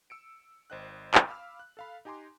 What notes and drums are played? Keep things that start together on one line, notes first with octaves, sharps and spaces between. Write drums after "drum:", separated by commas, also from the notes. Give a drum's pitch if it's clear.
E6 C#7 D7
G#1 C5 D#5 G5 F#6
drum: clap
F5 B5 D6 E6 F6
F#6
A4 F5 B5
D#4 G4 G#5 A#5 C6 D6